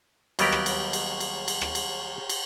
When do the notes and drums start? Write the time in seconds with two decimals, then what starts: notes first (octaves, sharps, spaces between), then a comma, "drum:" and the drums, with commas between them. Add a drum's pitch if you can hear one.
0.39 D#2 F#3 G3 B3 G4 A#4, drum: cymbal
0.52 drum: rim click
0.66 drum: cymbal
0.93 drum: cymbal
1.20 drum: cymbal
1.48 drum: cymbal
1.61 drum: rim click
1.75 drum: cymbal
2.29 drum: cymbal